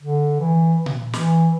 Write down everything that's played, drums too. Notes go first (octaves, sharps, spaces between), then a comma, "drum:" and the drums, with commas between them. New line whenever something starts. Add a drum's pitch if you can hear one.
D3
E3
drum: tom A#2
E3, drum: snare